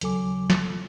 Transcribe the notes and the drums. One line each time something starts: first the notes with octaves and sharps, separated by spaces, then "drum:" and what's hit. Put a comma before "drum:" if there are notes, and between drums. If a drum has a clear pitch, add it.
D#2 C#3 F#3 A4 G#5 D6, drum: hi-hat
drum: snare